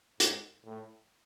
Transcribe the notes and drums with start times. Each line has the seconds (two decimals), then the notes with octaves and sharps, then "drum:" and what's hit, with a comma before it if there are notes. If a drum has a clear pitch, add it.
0.20 G#2, drum: hi-hat
0.66 A2